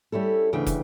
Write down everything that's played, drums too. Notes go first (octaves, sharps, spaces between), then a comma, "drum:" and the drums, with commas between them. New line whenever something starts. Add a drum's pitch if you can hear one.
G3 C#4 E4 A4
D2 C#3 E3 G5
drum: kick, hi-hat